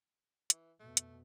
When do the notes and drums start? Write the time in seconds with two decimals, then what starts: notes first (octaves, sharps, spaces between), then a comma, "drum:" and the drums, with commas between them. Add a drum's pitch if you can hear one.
0.50 E3, drum: hi-hat
0.80 F2 B2 A3
0.97 drum: hi-hat